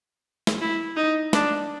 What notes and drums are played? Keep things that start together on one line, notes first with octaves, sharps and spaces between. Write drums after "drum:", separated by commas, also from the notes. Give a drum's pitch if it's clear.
drum: snare
E4
D#4
D4, drum: snare